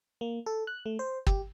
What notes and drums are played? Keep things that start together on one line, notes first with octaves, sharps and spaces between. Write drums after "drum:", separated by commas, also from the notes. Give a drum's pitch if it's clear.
A#3
A4
F#6
A3
C5
G4, drum: kick